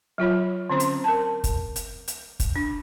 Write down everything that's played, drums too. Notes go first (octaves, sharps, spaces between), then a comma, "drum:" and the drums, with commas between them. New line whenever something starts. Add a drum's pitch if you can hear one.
F#3 F4 C#5 B5
D3 C4 C#4 C5 C6
drum: hi-hat
A#4 A5
drum: kick, hi-hat
drum: hi-hat
drum: hi-hat
drum: kick, hi-hat
D4